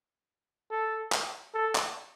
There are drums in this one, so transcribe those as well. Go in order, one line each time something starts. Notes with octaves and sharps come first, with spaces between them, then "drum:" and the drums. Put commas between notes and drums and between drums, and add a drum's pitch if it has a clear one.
A4
drum: clap
A4
drum: clap